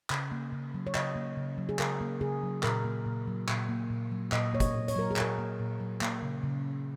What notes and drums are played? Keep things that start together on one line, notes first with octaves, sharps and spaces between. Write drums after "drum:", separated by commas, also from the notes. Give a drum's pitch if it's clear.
C#3, drum: clap
A#3
C#3
F#3
C#5
C#3 D#5, drum: clap
A#3
C#3
F#3
G#4
C#3 A#4, drum: clap
A#3
C#3 G#4
F#3
A#2 A#4, drum: clap
A#3
A#2
F#3
A#2, drum: clap
A#3
A#2
F#3
A#2 D#5, drum: clap
A#3 C#5
D#5, drum: kick, hi-hat
A#2
C#5, drum: hi-hat
F#3 A#4
G#4
A#2 A#4, drum: clap
A#3
A#2
F#3
A#3, drum: clap
C#3
C#3